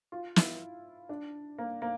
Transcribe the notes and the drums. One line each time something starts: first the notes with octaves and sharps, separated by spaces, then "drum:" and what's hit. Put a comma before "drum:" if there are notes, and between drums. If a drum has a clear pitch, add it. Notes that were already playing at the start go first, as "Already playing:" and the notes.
F4
E4, drum: snare
D4
A#3
A#3